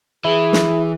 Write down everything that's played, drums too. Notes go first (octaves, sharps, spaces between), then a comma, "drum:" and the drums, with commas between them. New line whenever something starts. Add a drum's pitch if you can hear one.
E3 E4 G#4
drum: snare